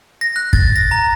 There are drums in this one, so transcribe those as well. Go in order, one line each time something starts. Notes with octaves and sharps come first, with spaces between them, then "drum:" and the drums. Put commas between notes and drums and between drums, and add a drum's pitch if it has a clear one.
A#6
F#6
A6, drum: kick
A#6
A#5